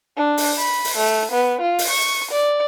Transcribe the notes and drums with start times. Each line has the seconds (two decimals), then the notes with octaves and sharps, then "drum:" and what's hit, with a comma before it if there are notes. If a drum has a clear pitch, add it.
0.17 D4
0.37 drum: open hi-hat
0.59 B5
0.85 drum: open hi-hat
0.97 A3
1.32 B3
1.61 F4
1.79 drum: open hi-hat
1.90 C#6
2.31 D5